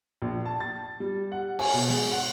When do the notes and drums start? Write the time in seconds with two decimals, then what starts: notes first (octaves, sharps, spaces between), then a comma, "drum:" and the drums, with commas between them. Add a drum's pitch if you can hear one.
0.22 A#1
0.45 A5
0.60 A6
1.00 G3
1.32 F#5
1.59 G#5, drum: cymbal
1.73 B2
1.89 G#3, drum: snare
2.12 F#5